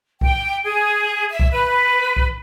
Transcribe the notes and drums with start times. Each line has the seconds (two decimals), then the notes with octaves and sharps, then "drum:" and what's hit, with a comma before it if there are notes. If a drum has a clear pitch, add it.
0.21 G5, drum: kick C2
0.64 G#4
1.30 E5
1.40 drum: kick C2
1.51 B4
2.17 drum: kick C2